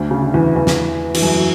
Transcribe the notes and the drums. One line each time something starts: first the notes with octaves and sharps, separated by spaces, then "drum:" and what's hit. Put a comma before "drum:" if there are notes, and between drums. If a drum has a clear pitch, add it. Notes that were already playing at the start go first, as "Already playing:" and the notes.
Already playing: D2 D3
C#3
D3
E2 E3
E2 E3
drum: snare
E3, drum: cymbal
F#2 F#3
F#3